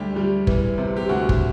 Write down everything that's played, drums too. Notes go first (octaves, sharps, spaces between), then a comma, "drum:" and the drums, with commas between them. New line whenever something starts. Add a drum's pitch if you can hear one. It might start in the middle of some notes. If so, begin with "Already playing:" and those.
Already playing: D2 G3 G4
G3
E3, drum: kick
C3
G4
D2 F#4
drum: kick